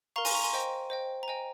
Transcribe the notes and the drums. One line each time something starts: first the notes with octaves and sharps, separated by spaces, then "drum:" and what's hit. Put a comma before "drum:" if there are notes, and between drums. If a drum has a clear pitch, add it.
A#4 F5 A#5 C#6
G#5 C6, drum: open hi-hat
A#5 C#6
G#5 C6
C5 D#5 G5
C5 D#5 G5
A#5
C5 D#5 G5 G#5